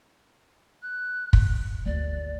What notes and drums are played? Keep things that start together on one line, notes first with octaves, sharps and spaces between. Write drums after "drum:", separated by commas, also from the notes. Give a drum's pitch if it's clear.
F#6
drum: kick
G1 D2 D5